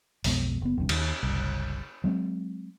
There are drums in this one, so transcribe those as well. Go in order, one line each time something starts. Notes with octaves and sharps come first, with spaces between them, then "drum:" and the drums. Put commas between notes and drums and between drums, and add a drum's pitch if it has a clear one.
B1 F2 B2 G#3, drum: open hi-hat
F#1 B3
G1 E2 G2 C3
D#2, drum: cymbal
F#1 C2
F#3 G#3 C4